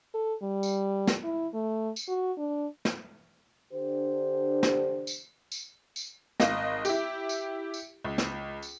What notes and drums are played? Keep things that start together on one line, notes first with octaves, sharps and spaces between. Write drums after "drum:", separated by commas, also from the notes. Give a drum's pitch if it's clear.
A4
G3
drum: tambourine
drum: snare
E4
A3
drum: tambourine
F#4
D4
drum: snare
D3 D4 G4 C5
drum: snare
drum: tambourine
drum: tambourine
drum: tambourine
G#1 D#5 F5 A#6, drum: snare
E4 G4, drum: tambourine
drum: tambourine
drum: tambourine
C#2
drum: snare
drum: tambourine